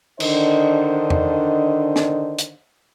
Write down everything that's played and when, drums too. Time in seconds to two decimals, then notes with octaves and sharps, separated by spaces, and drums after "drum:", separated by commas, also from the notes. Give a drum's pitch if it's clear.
0.20 D3 D#3 D4 C5 D#5, drum: cymbal
1.10 drum: tom E2
1.96 drum: snare
2.39 drum: hi-hat